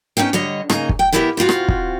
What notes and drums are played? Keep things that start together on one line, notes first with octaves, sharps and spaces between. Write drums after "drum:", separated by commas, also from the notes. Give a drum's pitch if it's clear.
B3 C#4 D#4 F5 G5
D3 G3 C#5 D#5
C#3 A#3 D#4 G#5 A#5, drum: rim click
drum: kick
G5
E3 B3 E4 G4 A#4 E5
C3 C4 F4 F#4
drum: rim click
drum: kick